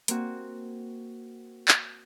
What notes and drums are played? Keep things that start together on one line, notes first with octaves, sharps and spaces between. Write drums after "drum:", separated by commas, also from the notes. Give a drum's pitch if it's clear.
A#3 C4 F#4, drum: hi-hat
drum: clap